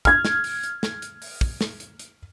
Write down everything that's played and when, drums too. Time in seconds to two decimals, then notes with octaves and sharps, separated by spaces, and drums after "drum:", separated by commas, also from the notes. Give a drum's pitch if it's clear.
0.05 F6 G#6, drum: kick, hi-hat
0.25 drum: snare
0.44 drum: open hi-hat
0.63 drum: hi-hat
0.83 drum: snare
1.02 drum: hi-hat
1.22 drum: open hi-hat
1.41 drum: kick
1.61 drum: snare
1.80 drum: hi-hat
1.99 drum: hi-hat